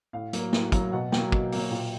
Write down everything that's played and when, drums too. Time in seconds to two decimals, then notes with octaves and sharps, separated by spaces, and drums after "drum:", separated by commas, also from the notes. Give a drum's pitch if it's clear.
0.13 A2 F5
0.33 F#3 A#3, drum: hi-hat
0.53 A2, drum: snare
0.72 F#3 A#3, drum: kick, hi-hat
0.92 B2 F#5
1.12 F#3 A#3 G5, drum: snare
1.32 B2, drum: kick
1.52 F#3 A#3, drum: open hi-hat
1.71 A#2